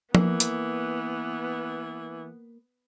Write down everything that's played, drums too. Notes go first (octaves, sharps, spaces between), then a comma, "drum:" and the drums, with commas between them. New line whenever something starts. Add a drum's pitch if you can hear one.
E3 A#3 B3, drum: tom F3
drum: hi-hat